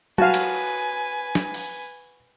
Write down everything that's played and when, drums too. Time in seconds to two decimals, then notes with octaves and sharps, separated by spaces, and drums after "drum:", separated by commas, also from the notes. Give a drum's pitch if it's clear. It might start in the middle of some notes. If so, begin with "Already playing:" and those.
0.18 F#4 B4 F5 G#5 A5, drum: tom F#3
0.34 drum: cymbal
1.35 drum: snare
1.54 drum: open hi-hat